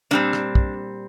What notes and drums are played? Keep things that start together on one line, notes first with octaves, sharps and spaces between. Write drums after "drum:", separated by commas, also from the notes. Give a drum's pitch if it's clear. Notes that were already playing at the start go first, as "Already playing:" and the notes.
A#2 G3 C4 D4
drum: rim click
drum: kick